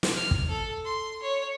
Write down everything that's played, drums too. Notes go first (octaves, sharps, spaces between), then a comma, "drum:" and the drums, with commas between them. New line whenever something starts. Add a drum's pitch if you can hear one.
drum: snare
F6
drum: kick
A4
C6
C#5